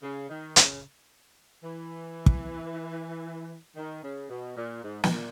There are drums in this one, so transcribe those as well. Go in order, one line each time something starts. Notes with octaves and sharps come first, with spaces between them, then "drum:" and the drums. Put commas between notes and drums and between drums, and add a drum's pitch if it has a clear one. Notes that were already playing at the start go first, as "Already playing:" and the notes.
C#3
D#3
C#3, drum: hi-hat
E3
drum: kick
D#3
C#3
B2
A#2
G#2
B2, drum: snare
A#2